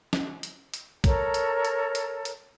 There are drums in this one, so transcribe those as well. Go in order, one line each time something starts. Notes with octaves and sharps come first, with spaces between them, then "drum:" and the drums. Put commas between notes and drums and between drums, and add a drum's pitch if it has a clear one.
drum: snare
drum: hi-hat
drum: hi-hat
A4 A#4 C#5 A#5, drum: kick A#1, hi-hat
drum: hi-hat
drum: hi-hat
drum: hi-hat
drum: hi-hat